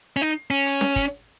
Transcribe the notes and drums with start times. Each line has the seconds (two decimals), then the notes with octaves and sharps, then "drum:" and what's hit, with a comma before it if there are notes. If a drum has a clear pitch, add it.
0.17 C#4
0.21 D#4
0.51 C#4
0.66 drum: hi-hat
0.81 drum: snare C#4
0.96 drum: kick, hi-hat